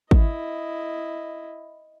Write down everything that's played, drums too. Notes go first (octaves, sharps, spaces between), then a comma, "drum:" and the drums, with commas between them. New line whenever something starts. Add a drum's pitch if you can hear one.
E4 D#5, drum: kick G#1